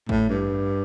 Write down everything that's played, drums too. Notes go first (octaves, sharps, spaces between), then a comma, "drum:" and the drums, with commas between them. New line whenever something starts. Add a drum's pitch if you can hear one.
A2, drum: kick G#1
G2